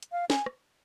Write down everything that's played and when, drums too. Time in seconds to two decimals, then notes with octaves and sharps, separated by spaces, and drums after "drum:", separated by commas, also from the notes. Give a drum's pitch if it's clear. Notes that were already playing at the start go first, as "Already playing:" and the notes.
0.03 drum: hi-hat
0.12 F5
0.30 G#5, drum: snare
0.46 drum: rim click